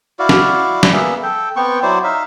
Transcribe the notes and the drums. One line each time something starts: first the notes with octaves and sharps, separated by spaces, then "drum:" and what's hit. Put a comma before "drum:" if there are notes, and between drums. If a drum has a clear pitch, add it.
E4 F#4 D5 F5
drum: snare
drum: snare
A#3 B3 G#4 E5
A4 G5
B3 C4 G5 C#6
F#3 E4 C5 D5
D#4 E5 F5